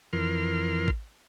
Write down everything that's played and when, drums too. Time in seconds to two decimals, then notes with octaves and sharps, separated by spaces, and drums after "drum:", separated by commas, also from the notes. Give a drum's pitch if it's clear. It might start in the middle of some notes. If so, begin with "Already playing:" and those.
0.13 F2 E3 A#4 C6 F6
0.88 drum: kick